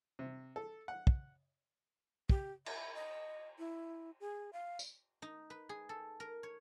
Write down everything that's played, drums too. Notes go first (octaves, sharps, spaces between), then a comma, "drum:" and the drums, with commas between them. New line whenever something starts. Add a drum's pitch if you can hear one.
C3
A4
F#5
drum: kick
G4, drum: kick
E5, drum: cymbal
D#5
E4
G#4
F5
drum: tambourine
D#4
B4
G#4
A4
A#4
C#5